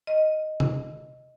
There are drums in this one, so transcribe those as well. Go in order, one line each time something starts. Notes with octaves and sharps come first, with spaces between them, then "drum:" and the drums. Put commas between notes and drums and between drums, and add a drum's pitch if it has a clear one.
D#5
drum: tom C3